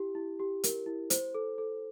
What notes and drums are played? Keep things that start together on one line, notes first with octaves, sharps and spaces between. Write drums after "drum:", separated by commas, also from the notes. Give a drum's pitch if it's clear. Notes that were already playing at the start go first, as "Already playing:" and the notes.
Already playing: E4 G4
E4
G4
A#4, drum: hi-hat
E4
C5, drum: hi-hat
A4
A4